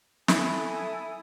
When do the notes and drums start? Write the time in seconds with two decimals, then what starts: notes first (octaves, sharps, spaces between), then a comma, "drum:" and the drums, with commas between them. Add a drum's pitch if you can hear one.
0.28 E4 A4 G#5 D#6, drum: snare